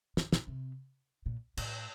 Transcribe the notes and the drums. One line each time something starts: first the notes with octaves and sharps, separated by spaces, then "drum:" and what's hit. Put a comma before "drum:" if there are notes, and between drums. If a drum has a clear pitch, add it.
D3, drum: snare
A#2, drum: snare
C3
A#2
A2, drum: cymbal